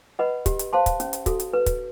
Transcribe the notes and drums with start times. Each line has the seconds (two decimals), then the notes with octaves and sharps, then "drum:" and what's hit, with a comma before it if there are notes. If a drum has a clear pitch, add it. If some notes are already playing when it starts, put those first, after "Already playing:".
0.19 B4 D#5 F#5 B5
0.46 G4, drum: kick, hi-hat
0.59 drum: hi-hat
0.73 C5 F5 A5 C6
0.86 drum: kick, hi-hat
1.00 C#4, drum: hi-hat
1.13 drum: hi-hat
1.26 F#4 A4, drum: kick, hi-hat
1.40 drum: hi-hat
1.53 B4
1.66 drum: kick, hi-hat